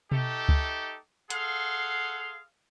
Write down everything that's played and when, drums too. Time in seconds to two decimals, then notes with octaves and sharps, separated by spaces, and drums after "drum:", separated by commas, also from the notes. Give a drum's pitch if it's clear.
0.12 A3 D#4 G4 A4, drum: tom B2
0.48 drum: kick C#2
1.30 G#4 A4 F5 F#5 C6, drum: hi-hat